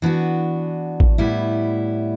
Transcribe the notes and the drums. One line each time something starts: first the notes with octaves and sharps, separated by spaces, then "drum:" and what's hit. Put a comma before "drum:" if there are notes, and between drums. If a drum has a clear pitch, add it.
E3 B3 D4 F#4
drum: kick A1
A2 G3 B3 E4